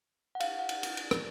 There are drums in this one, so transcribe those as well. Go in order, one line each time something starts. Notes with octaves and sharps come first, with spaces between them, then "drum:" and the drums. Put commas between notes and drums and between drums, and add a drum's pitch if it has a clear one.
F#5
F5, drum: cymbal
F#5
drum: cymbal
drum: cymbal
drum: cymbal
drum: rim click